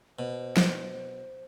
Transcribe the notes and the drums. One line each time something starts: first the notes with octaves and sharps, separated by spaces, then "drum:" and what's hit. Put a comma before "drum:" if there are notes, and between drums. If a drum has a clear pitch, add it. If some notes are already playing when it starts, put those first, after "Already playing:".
B2 C5
drum: snare